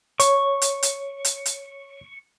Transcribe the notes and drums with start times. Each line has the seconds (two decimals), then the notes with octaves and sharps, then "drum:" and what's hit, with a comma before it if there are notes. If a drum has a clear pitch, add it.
0.20 C#5 C#6, drum: hi-hat
0.62 drum: hi-hat
0.83 drum: hi-hat
1.25 drum: hi-hat
1.46 drum: hi-hat